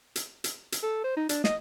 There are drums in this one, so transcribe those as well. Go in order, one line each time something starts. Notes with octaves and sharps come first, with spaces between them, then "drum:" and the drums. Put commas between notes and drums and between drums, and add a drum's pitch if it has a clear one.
drum: hi-hat
drum: hi-hat
drum: hi-hat
A4
C5
D#4
D4, drum: hi-hat
D#5, drum: snare